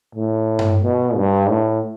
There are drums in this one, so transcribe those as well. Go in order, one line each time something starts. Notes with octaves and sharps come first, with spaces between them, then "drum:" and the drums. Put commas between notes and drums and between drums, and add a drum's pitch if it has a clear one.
A2
drum: tom G2
B2
G2
A2